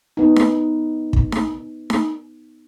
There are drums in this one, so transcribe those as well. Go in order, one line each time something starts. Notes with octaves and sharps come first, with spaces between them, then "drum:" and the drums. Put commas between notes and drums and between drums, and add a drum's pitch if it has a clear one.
B3 D#4
drum: snare D#4
drum: kick
drum: snare D#4
drum: snare D#4